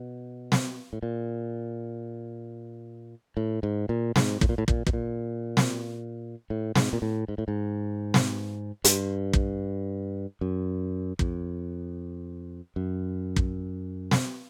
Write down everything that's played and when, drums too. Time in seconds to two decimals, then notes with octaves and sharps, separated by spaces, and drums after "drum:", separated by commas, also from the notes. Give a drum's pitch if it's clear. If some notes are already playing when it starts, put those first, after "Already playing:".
Already playing: B2
0.52 drum: snare
0.93 A2
1.03 A#2
3.37 A2
3.63 G#2
3.89 A#2
4.16 G#2, drum: snare
4.41 A2, drum: kick
4.49 A#2
4.58 A2
4.68 A#2, drum: kick
4.87 B2, drum: kick
4.93 A#2
5.57 drum: snare
6.50 A2
6.75 G#2, drum: snare
6.93 A#2
7.02 A2
7.28 G#2
7.38 A2
7.48 G#2
8.14 drum: snare
8.84 G2, drum: hi-hat
9.33 drum: kick
10.41 F#2
11.19 F2, drum: kick
12.76 F#2
13.36 drum: kick
14.11 drum: snare